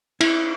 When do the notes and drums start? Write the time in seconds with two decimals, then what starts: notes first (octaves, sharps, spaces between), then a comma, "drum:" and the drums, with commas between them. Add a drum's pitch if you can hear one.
0.21 E4, drum: cymbal